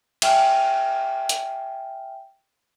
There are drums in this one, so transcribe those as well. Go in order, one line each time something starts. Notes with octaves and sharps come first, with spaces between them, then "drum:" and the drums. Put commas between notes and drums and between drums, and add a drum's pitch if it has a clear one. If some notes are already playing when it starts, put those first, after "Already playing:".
E5 G5 G#5 F6, drum: cymbal
drum: hi-hat